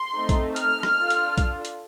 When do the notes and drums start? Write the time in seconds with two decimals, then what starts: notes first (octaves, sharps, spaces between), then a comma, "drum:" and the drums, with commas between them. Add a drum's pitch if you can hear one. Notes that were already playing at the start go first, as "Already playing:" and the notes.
Already playing: C6
0.15 A3 C4 D#4 A4
0.29 drum: kick A#1, hi-hat
0.56 F6, drum: hi-hat
0.83 drum: rim click
0.97 D4 F4 A4
1.10 drum: hi-hat
1.38 drum: kick A#1, hi-hat
1.65 drum: hi-hat